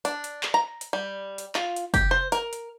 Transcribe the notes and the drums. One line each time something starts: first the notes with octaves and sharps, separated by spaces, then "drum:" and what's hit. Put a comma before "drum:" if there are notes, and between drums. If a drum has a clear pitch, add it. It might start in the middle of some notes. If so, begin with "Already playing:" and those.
D4, drum: hi-hat
drum: hi-hat
drum: clap
A#5
drum: hi-hat
G3
drum: hi-hat
F4, drum: clap
drum: hi-hat
G4, drum: kick F#1, hi-hat
C5
A#4, drum: hi-hat
drum: hi-hat